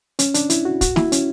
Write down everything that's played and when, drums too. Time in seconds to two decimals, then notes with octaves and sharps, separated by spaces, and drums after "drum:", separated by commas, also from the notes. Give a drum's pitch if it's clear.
0.19 C#4, drum: hi-hat
0.34 D4, drum: hi-hat
0.50 E4, drum: hi-hat
0.65 F#4
0.81 F#4, drum: kick, hi-hat
0.96 E4, drum: snare
1.12 C#4, drum: hi-hat